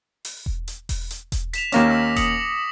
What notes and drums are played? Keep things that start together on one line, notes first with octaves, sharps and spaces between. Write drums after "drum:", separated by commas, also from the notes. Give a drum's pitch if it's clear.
drum: open hi-hat
drum: kick E1
drum: hi-hat
drum: kick E1, open hi-hat
drum: hi-hat
drum: kick E1, hi-hat
B6 E7 F7, drum: hi-hat
D#2 A#3 C#4 D6 A#6, drum: hi-hat
E6
D#6 C#7 F#7, drum: kick E1, hi-hat